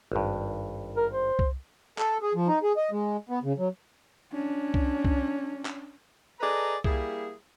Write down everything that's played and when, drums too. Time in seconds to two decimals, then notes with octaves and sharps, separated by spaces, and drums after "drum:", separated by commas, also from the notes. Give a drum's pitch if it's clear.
0.12 G#1 G2
0.96 A#4
1.12 C5
1.39 drum: kick C2
1.98 A4, drum: clap
2.22 G#4
2.35 F3
2.48 D#4
2.63 G#4
2.77 D#5
2.91 G#3
3.29 B3
3.43 C#3
3.58 F#3
4.33 C#4 D4
4.74 drum: kick C2
5.05 drum: kick C2
5.65 drum: clap
6.40 G#4 A4 B4 D5 D#5 A#5
6.84 G3 A#3 E4 G#4, drum: kick C2